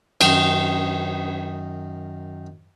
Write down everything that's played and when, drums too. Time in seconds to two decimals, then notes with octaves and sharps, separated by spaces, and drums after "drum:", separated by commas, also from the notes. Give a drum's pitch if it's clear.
0.21 F#2 D#3 D#4, drum: cymbal